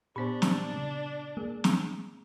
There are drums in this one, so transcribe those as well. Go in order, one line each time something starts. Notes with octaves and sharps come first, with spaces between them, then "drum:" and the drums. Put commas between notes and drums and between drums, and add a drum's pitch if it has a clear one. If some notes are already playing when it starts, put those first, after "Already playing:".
A#2 B3 D4 C5 C#6
drum: snare
C#3
G#3 A#3 G#4
drum: snare